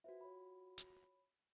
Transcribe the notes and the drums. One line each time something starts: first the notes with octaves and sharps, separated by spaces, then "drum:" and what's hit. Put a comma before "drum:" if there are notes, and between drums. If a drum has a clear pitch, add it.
F4 F#4 B4 C5 E5
C#5 B5
drum: hi-hat